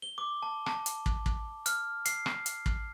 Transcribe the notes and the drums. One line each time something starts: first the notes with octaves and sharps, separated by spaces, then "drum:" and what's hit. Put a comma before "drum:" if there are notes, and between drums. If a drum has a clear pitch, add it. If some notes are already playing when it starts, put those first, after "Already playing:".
G7
D6
A5
A5, drum: rim click
drum: hi-hat
drum: kick
drum: kick
F6, drum: hi-hat
C7, drum: hi-hat
drum: rim click
drum: hi-hat
drum: kick